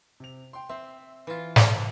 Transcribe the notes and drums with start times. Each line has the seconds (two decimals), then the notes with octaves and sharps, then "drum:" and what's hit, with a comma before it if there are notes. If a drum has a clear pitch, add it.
0.20 C3 F7
0.53 G5 C6
0.69 C4 E5 C6
1.27 E3 F4
1.56 A4 E5 A#5, drum: snare